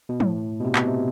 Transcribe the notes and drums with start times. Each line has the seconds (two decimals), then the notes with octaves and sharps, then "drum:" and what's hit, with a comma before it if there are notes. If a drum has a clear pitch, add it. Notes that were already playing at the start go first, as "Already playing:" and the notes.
0.09 B2
0.20 A2, drum: tom
0.60 B2
0.64 C3
0.75 B2, drum: clap
0.87 C3